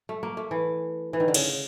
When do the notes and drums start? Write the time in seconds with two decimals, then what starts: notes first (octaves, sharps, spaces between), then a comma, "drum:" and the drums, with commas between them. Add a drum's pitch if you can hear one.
0.09 A3
0.23 A#3
0.37 A3
0.51 E3
1.13 E3
1.20 D#3
1.28 D3
1.34 C#3, drum: cymbal